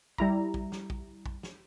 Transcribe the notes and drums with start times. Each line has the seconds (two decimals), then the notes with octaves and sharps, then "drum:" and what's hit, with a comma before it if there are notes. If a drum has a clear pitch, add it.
0.18 G3 E4 A#5, drum: kick A#1
0.54 drum: kick A#1
0.72 drum: snare
0.90 drum: kick A#1
1.26 drum: kick A#1
1.43 drum: snare